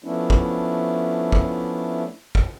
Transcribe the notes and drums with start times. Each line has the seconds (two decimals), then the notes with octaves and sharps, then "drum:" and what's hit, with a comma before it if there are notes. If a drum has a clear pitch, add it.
0.04 F3 A3 B3 C#4 D4 E4
0.30 drum: kick
1.32 drum: kick
2.35 drum: kick